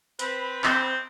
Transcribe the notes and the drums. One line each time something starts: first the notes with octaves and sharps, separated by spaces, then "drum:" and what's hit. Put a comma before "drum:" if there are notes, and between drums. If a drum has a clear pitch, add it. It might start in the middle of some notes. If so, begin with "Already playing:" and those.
C4 B4 B5, drum: hi-hat
C4, drum: clap